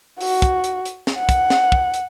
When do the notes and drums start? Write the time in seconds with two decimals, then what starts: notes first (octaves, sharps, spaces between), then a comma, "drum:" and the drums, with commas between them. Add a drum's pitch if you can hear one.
0.21 F#4, drum: open hi-hat
0.42 drum: kick, hi-hat
0.64 drum: hi-hat
0.85 drum: hi-hat
1.07 drum: snare
1.17 F#5
1.29 drum: kick, hi-hat
1.50 drum: snare
1.72 drum: kick
1.94 drum: hi-hat